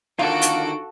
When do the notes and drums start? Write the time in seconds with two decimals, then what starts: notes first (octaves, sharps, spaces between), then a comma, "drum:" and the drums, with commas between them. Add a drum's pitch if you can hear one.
0.19 D3 D#3 A#3 F4 F#4 A4 D7
0.42 drum: hi-hat